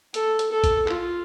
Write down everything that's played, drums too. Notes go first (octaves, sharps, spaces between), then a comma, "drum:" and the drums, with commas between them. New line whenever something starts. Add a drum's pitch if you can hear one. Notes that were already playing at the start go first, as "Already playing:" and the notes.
A4, drum: hi-hat
drum: hi-hat
A4
drum: kick A1, hi-hat
F4, drum: clap